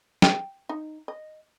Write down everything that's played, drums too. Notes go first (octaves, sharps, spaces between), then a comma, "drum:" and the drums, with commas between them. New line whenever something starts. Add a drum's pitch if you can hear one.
G5, drum: snare
D#4
D#5